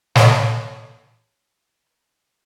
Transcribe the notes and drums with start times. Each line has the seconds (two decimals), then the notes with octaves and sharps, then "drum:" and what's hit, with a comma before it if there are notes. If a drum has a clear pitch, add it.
0.16 A4 C#5, drum: snare